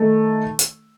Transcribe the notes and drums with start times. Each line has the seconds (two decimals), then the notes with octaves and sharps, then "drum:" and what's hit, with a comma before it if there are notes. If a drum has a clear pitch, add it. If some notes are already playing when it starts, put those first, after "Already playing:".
Already playing: D#3 A3 D#4
0.59 drum: hi-hat